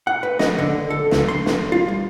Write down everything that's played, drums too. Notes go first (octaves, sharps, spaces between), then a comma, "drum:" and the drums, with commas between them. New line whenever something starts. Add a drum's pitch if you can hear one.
F#5
B4
D#5, drum: snare
D3
A4
C#2, drum: snare
C6
drum: snare
F4
G3